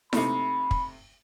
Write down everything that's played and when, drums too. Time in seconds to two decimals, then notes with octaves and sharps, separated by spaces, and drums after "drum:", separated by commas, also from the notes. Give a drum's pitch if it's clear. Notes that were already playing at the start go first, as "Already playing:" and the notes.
0.13 C3 A3 D#4 B5, drum: snare E4
0.71 drum: kick